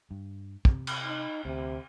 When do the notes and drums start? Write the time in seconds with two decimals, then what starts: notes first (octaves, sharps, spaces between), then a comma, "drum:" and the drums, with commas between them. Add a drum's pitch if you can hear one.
0.11 G2
0.65 C3, drum: kick
0.87 drum: cymbal
1.05 D#4
1.45 D2 C3